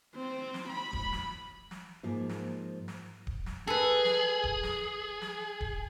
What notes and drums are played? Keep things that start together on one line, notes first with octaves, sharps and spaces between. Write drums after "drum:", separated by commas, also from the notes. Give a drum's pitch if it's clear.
C4
drum: snare
B5
drum: kick D1
drum: snare
drum: snare
G#2 F3 A#3
drum: snare
drum: snare
drum: kick D1
drum: snare
G#4 A4 B4
drum: snare
drum: kick D1
drum: snare
drum: snare
drum: kick D1